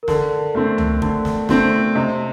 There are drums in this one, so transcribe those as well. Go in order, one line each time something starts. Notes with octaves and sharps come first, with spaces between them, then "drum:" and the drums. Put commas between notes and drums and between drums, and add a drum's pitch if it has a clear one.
A#4
D3 A4, drum: snare
A3 C4
drum: tom C#2
D3, drum: kick
drum: snare
A3 C4, drum: snare
C3 D#5